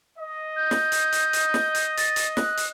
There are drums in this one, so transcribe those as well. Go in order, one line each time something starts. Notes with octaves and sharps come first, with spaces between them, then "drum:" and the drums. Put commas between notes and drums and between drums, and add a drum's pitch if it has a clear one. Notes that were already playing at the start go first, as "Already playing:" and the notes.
D#5
G6
drum: snare
drum: hi-hat
drum: hi-hat
drum: hi-hat
drum: snare
drum: hi-hat
A6, drum: hi-hat
drum: hi-hat
F#6, drum: snare
drum: hi-hat